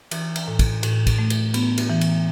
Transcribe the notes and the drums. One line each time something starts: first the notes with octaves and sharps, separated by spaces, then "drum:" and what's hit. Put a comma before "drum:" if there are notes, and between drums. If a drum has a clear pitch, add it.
E3, drum: cymbal
drum: cymbal
A2
drum: kick, cymbal
A2, drum: cymbal
drum: kick, cymbal
A3
drum: cymbal
B3, drum: cymbal
drum: cymbal
E3
drum: cymbal